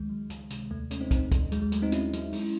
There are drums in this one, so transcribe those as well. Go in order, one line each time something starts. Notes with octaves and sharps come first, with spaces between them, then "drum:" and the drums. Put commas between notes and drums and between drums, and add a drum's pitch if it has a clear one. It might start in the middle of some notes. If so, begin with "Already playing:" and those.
Already playing: C#2 D#3 G#3
F#3
C#2, drum: hi-hat
C3, drum: hi-hat
D#2 A3
G#3 A3 C#4, drum: hi-hat
C4 D#4
D#2 C4 D#4, drum: kick, hi-hat
D#2, drum: kick, hi-hat
F#3 G#3, drum: hi-hat
G#3
F#3 A3, drum: hi-hat
C4 D#4
F#3 C#4 E4, drum: hi-hat
F#3, drum: hi-hat
G#3, drum: open hi-hat